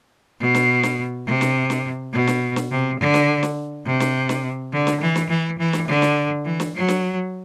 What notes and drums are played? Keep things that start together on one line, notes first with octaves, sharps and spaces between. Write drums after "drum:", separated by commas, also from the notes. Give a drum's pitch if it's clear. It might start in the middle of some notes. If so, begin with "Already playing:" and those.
B2
drum: snare
drum: snare
C3
drum: snare
drum: snare
B2
drum: snare
drum: snare
C3
D3
drum: snare
drum: snare
C3
drum: snare
drum: snare
D3
drum: snare
E3
drum: snare
E3
E3
drum: snare
D3
drum: snare
E3
drum: snare
F#3
drum: snare